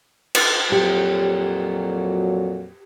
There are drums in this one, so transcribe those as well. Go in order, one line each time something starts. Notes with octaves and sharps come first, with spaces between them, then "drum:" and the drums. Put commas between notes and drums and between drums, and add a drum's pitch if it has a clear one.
drum: cymbal
F2 A#2 F#3 G4